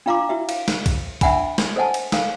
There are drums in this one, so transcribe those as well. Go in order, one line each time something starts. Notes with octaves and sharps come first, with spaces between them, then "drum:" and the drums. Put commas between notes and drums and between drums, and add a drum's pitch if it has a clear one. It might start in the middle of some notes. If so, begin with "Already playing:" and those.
D4 F4 F5 A#5 C6 D6
E4 F#4 E5
F5, drum: cymbal
drum: snare
drum: kick, cymbal
D4 E5 F#5 G#5 B5, drum: kick, cymbal
drum: snare
A4 C5 D#5 F#5 G#5 A5
drum: cymbal
A4 F5, drum: snare